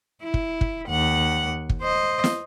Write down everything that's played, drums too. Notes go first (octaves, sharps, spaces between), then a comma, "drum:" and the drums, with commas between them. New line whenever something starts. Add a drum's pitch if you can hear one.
E4
drum: kick
drum: kick
D#2 F#5
drum: kick
C5 D#5
drum: snare